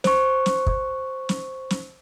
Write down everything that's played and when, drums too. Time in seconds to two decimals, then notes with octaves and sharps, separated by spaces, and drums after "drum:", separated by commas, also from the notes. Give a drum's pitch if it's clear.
0.04 C5 C#6, drum: snare
0.46 drum: snare
0.67 drum: kick
1.29 drum: snare
1.70 drum: snare